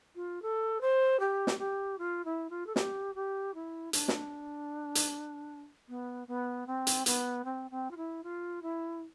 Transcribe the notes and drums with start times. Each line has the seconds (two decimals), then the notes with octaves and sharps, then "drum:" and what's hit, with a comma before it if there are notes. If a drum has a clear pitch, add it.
0.16 F4
0.42 A4
0.81 C5
1.20 G4
1.47 drum: snare
1.59 G4
1.99 F4
2.25 E4
2.50 F4
2.67 A4
2.76 G4, drum: snare
3.15 G4
3.55 E4
3.93 D4, drum: hi-hat
4.08 drum: snare
4.95 drum: hi-hat
5.89 B3
6.28 B3
6.67 C4
6.87 drum: hi-hat
7.06 B3, drum: hi-hat
7.45 C4
7.71 C4
7.91 F4
7.97 E4
8.24 F4
8.63 E4